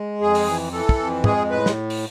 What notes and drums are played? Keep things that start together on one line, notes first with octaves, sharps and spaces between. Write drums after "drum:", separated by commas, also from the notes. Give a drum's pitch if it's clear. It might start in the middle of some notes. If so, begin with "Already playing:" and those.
Already playing: G#3
F2 G#4
drum: open hi-hat
E3
E3 A4
drum: kick
F2
G#3 G#4, drum: tom
A2 B4
drum: snare
drum: open hi-hat